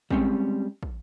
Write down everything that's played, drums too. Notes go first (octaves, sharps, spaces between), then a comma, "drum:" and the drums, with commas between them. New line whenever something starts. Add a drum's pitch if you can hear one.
G3 G#3 C4 C#4, drum: kick
drum: kick